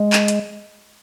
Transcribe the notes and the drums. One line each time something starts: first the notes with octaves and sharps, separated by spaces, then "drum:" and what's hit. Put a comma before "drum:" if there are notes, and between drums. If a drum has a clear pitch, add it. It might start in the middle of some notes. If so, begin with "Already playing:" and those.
Already playing: G#3
drum: clap
drum: hi-hat